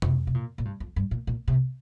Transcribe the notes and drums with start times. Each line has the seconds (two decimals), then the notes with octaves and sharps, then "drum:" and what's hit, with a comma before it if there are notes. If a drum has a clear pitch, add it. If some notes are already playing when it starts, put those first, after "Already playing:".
0.02 C3, drum: tom F2
0.27 C3
0.34 A#2
0.58 A#2
0.65 G2
0.80 F2
0.96 G2
1.11 A#2
1.27 A#2
1.48 C3